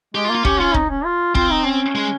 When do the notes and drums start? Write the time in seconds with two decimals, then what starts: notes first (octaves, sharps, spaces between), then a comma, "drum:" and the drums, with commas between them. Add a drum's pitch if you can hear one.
0.14 G#3 G4
0.25 F4
0.30 A#3
0.35 F4
0.45 C#4 G4, drum: kick
0.60 C#4 F4
0.74 D#4, drum: kick
0.90 C#4
1.05 F4
1.35 C4 F4, drum: kick
1.50 D#4
1.65 C#4
1.95 G#3